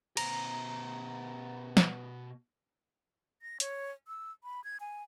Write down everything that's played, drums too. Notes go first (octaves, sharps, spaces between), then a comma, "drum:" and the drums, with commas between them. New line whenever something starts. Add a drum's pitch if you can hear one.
B2 C5 A#5, drum: cymbal
drum: snare
A#6
C#5, drum: hi-hat
E6
B5
G#6
G#5